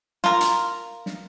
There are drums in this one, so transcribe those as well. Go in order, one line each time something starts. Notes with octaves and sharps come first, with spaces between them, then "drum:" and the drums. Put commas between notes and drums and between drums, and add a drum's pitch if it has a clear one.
F4 A#4, drum: snare
drum: hi-hat
drum: snare